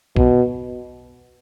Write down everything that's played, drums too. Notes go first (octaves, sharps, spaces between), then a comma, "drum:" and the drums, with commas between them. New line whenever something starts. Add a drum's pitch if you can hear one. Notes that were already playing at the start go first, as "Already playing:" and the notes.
B2, drum: kick B1